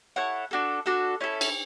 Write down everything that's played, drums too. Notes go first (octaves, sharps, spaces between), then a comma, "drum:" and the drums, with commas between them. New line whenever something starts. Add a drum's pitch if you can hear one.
E4 A4 C#5 F#5
D4 F#4 A4
D4 F#4 A4
C#4 E4 A4
drum: cymbal